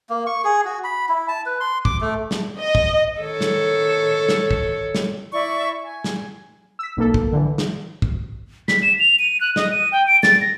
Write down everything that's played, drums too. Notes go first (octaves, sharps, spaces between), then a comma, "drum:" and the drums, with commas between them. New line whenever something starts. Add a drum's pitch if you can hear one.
A#3
C#6
G#4
F#4
B5
E4
A5
B4
C6
D6, drum: kick
A3
drum: snare
D#5
drum: kick
D#3 A4 C#5
drum: snare
drum: snare
drum: kick
drum: snare
E4 D5 E5 C#6
G#5
drum: snare
E6 B6
B1 A#3 A4
drum: kick
D3 E3
drum: snare
drum: kick
B6, drum: snare
E7
F7
D#7
F#6
D#5, drum: snare
D#7
G5
D7
A6, drum: snare
A#6